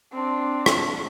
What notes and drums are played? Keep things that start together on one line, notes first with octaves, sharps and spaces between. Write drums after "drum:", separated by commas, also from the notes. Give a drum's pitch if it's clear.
C4 D4
drum: rim click